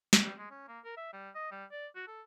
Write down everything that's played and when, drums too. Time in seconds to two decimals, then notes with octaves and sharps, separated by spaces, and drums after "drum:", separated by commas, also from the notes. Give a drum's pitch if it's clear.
0.13 drum: snare
0.23 G3
0.39 G#3
0.51 C#4
0.68 A#3
0.85 A#4
0.97 E5
1.13 G3
1.35 D#5
1.52 G3
1.72 D5
1.96 F#4
2.08 A4